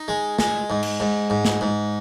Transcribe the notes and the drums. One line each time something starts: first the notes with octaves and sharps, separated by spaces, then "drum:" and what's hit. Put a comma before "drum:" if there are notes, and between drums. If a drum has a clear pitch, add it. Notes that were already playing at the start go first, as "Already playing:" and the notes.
Already playing: D#4
G#3
G#3, drum: snare
G#2
drum: cymbal
G#2
G#2
drum: snare
G#2